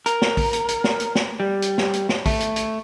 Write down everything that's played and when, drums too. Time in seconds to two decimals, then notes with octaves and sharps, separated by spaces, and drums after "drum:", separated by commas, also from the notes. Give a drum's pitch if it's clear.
0.06 A#4, drum: hi-hat
0.22 drum: snare
0.37 drum: kick, open hi-hat
0.53 drum: hi-hat
0.68 drum: hi-hat
0.84 drum: snare
1.00 drum: hi-hat
1.15 drum: snare
1.40 G3
1.62 drum: hi-hat
1.78 drum: snare
1.93 drum: hi-hat
2.09 drum: snare
2.26 A3, drum: kick, open hi-hat
2.40 drum: hi-hat
2.56 drum: hi-hat